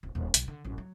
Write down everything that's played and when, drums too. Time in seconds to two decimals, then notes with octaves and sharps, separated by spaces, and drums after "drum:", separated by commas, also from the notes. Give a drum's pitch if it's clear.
0.03 D1
0.15 D#1
0.34 B1, drum: hi-hat
0.48 D3
0.64 A1 F#2
0.78 F#3